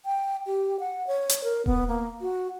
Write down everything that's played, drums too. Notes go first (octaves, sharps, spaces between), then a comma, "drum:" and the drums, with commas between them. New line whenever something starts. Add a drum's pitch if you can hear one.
G5
G4
F#5
C#5
drum: hi-hat
A#4
B3, drum: kick D#1
A#3
F#4